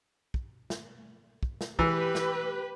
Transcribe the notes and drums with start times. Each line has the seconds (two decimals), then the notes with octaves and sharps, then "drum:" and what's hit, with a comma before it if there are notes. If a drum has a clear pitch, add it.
0.34 drum: kick
0.70 drum: snare
1.43 drum: kick
1.61 drum: snare
1.79 E3 G4 B4, drum: kick
2.15 drum: snare